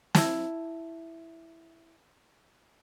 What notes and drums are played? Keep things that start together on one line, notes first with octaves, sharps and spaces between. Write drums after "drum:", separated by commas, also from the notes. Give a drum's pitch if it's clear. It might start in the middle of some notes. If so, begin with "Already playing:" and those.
E4 A5, drum: snare